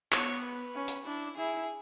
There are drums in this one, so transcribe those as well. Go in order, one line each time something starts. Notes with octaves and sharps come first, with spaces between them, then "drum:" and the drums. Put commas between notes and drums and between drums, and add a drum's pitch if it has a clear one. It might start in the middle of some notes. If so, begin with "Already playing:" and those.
B3 C#5, drum: clap
B4
C#4
drum: hi-hat
D4 E4
E4 G#4